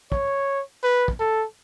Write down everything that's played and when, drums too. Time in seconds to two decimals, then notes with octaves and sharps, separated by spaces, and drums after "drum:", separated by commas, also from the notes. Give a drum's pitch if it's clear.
0.12 C#5, drum: kick
0.84 B4
1.08 drum: kick
1.20 A4